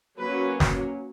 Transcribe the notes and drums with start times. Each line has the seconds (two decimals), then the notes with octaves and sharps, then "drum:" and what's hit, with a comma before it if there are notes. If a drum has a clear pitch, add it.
0.19 F#3 A#3 C#4 B4
0.60 drum: snare